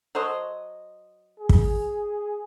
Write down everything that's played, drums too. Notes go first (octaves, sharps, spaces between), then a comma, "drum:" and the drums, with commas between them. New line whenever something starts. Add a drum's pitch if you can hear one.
F#3 C5 D#5
G#4
drum: kick